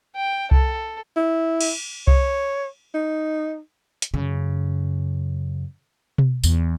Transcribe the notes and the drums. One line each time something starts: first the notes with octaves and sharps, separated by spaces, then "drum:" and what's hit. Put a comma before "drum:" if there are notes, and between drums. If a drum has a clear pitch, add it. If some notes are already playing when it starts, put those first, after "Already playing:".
G5
A4, drum: kick C2
E4
drum: cymbal
C#5, drum: kick C2
D#4
drum: hi-hat
F#2 C#3
drum: tom B2
E2, drum: tambourine